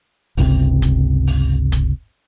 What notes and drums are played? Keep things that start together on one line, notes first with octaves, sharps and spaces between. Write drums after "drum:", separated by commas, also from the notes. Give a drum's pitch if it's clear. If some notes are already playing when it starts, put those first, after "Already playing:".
G1 C#2 C3, drum: open hi-hat
drum: kick, hi-hat
drum: open hi-hat
drum: kick, hi-hat